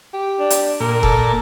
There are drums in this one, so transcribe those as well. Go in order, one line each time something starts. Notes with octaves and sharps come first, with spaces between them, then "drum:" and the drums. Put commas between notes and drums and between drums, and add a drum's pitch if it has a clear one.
G4
D4
drum: hi-hat
A#2 A#4
A4, drum: kick F1